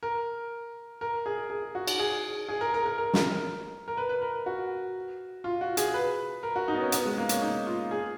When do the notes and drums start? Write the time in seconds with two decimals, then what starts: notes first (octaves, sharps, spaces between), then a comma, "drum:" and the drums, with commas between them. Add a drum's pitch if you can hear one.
0.03 A#4
1.01 A#4
1.26 G#4
1.50 G#4
1.75 F#4
1.88 drum: cymbal
1.99 G#4
2.49 G#4
2.61 A#4
2.74 A#4
2.86 A#4
2.98 A#4
3.14 drum: snare
3.88 A#4
3.97 B4
4.09 B4
4.22 A#4
4.46 F#4
5.44 F4
5.61 F#4
5.77 G#4, drum: hi-hat
5.94 B4
6.43 A#4
6.56 F#4
6.68 D#4
6.74 B3
6.81 C#4
6.92 B3, drum: hi-hat
7.05 G#3
7.18 A#3
7.29 C#4, drum: hi-hat
7.42 D#4
7.67 F4
7.91 G#4